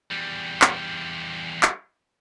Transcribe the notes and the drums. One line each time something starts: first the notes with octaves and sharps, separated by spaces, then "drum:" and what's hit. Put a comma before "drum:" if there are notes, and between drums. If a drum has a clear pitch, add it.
E2 G3
drum: clap
drum: clap